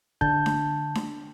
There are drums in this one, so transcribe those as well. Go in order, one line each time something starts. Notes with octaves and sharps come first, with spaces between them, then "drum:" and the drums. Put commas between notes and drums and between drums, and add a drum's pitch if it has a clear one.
D3 A5 G6, drum: kick
drum: snare D4
drum: snare D4